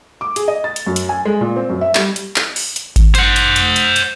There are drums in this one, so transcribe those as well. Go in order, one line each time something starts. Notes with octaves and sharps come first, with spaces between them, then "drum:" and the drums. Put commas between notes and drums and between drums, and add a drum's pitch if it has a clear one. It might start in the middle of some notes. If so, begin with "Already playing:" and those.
D6
G#4, drum: hi-hat
D#5
A6
drum: hi-hat
F#2
drum: hi-hat
G#5
G#3
A#2
C4
F#2
E5
G3, drum: clap
drum: hi-hat
drum: clap
drum: open hi-hat
drum: hi-hat
drum: kick G#1, hi-hat
C5 F#5, drum: hi-hat
drum: hi-hat
drum: hi-hat
drum: hi-hat
drum: hi-hat